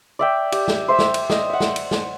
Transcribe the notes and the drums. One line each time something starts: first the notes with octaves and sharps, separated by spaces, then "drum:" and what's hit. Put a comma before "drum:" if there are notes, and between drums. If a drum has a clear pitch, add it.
D5 E5 G5
G4, drum: cymbal
drum: snare
C5 E5 E6
drum: snare
drum: cymbal
D#5 D#6, drum: snare
E5 F#5
drum: snare
drum: cymbal
drum: snare